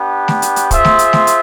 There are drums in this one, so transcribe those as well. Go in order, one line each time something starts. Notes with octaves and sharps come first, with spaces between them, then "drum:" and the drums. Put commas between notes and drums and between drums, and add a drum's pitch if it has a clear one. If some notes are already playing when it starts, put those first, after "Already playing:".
Already playing: B3 D4 G4
drum: snare A3
drum: hi-hat
drum: hi-hat
F4 G#4 C5 E5, drum: kick, hi-hat
drum: snare A3
drum: hi-hat
drum: snare A3
drum: hi-hat